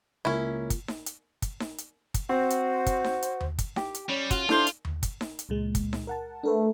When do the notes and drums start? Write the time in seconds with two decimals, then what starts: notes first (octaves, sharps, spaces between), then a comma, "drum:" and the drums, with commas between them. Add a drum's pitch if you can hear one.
0.25 C#2 A#3 C#4 E4
0.70 drum: kick, hi-hat
0.88 drum: snare D#4
1.06 drum: hi-hat
1.42 drum: kick, hi-hat
1.60 drum: snare D#4
1.78 drum: hi-hat
2.14 drum: kick, hi-hat
2.29 C4 F#4 C5
2.50 drum: hi-hat
2.86 drum: kick, hi-hat
3.04 drum: snare D#4
3.22 drum: hi-hat
3.40 drum: tom D#2
3.59 drum: kick, hi-hat
3.76 G4, drum: snare D#4
3.95 drum: hi-hat
4.09 G3 C#4
4.31 F4 F#4, drum: kick, hi-hat
4.49 D4 E4 A4 C5 D6, drum: snare D#4
4.67 drum: hi-hat
4.85 drum: tom D#2
5.03 drum: kick, hi-hat
5.21 drum: snare D#4
5.39 drum: hi-hat
5.49 C#2 A#2 G#3
5.75 drum: kick, hi-hat
5.93 drum: snare D#4
6.07 A#4 F#5 A5
6.43 A3 D4 A#4 B4